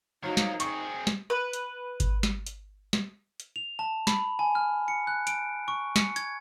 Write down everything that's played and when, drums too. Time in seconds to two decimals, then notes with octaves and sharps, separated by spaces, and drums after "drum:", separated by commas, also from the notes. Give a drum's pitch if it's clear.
0.23 F3 F#3 A#3 D#4
0.37 drum: snare
0.60 C4 G#4 C#6, drum: hi-hat
1.07 drum: snare
1.30 B4
1.53 drum: hi-hat
2.00 drum: kick G#1, hi-hat
2.23 drum: snare
2.47 drum: hi-hat
2.93 drum: snare
3.40 drum: hi-hat
3.56 F7
3.79 A5
4.07 B5, drum: snare
4.39 G#5
4.55 F6
4.88 C#7
5.07 F#6
5.27 D7, drum: hi-hat
5.68 C#6
5.96 C#7, drum: snare
6.16 G#6, drum: hi-hat